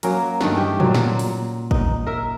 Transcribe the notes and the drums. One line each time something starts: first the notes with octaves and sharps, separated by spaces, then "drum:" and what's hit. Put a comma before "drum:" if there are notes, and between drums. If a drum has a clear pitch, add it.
F#3 A#3 C#4 A#4, drum: hi-hat
G2 D#3 A3 F#5, drum: snare
E3 G4
A#2 F#3, drum: tom A#2
drum: snare
drum: open hi-hat
D#4, drum: kick
A#4 E5